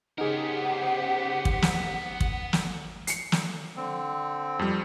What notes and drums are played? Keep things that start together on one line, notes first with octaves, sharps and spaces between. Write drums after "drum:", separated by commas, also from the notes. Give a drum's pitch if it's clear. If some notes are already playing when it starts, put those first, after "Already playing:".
C#3 B3 D#4 G4 G#4 A#4 C5 F#5
drum: kick
drum: snare
drum: kick
drum: snare
C7 C#7, drum: hi-hat
drum: snare
D3 C4
F2 G3